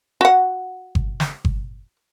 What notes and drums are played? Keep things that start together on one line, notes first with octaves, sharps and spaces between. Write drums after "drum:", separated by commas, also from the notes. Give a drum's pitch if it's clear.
F#4 F#5
drum: kick G1
drum: snare
drum: kick G1